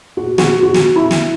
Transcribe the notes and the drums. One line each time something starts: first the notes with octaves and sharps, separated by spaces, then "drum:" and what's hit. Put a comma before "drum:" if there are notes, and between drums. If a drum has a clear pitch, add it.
F#4
F#4, drum: snare
F#4
drum: snare
E4
drum: snare